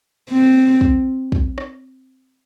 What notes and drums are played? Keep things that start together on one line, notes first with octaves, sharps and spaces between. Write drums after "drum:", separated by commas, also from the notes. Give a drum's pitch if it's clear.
C4
drum: kick
drum: kick
drum: rim click